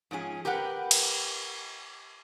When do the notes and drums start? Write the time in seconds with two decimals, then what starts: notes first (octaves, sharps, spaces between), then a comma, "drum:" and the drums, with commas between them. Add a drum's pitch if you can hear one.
0.11 G#2 F3 C#4 G#4
0.45 G4 A#4 B4 F#5 G5
0.91 drum: cymbal